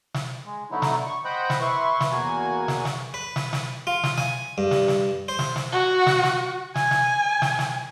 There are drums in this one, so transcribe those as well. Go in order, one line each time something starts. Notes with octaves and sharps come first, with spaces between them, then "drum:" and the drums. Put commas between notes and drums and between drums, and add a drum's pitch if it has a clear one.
drum: snare
G#3
D3 F#3 A3 B3 D#4 E4
drum: snare
C#6
C5 D#5 F#5 G5 B5
drum: snare
E4 B4 C6 C#6
drum: snare
E2 A#3 F#4 G#5
drum: snare
drum: snare
B4
drum: snare
drum: snare
F4
drum: snare
G#5, drum: snare
G2
drum: snare
drum: snare
C5
drum: snare
drum: snare
F#4
drum: snare
drum: snare
G#5, drum: snare
drum: snare
drum: snare
drum: snare